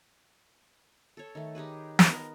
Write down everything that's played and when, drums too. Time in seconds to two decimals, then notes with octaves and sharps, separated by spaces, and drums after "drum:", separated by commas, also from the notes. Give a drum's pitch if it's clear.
1.17 A4 C#5
1.35 D#3 A3
1.55 D#4 G4 G#4 B4
1.99 B3 A#4, drum: snare